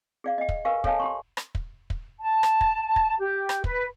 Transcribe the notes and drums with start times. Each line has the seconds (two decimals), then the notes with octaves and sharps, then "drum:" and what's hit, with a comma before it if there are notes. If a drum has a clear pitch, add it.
0.24 G#4 D5 F5
0.38 D#5 G5
0.49 drum: kick
0.65 G4 A#4 B4 F5 G#5 C#6
0.84 A4 C#5 D#5 F5 G#5 A5, drum: kick
0.99 G4 C6 C#6
1.37 drum: rim click
1.55 drum: kick
1.90 drum: kick
2.19 A5
2.43 drum: rim click
2.61 drum: kick
2.96 drum: kick
3.18 G4
3.49 drum: rim click
3.64 B4, drum: kick